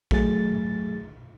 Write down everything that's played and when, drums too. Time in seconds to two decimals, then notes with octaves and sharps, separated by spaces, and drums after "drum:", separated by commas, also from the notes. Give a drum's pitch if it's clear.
0.11 F#3 A3 G#4 A6, drum: kick